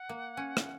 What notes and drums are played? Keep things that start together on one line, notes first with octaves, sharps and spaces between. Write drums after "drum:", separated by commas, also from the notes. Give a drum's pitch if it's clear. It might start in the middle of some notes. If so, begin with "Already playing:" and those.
Already playing: F#5
A#3
C#4
drum: rim click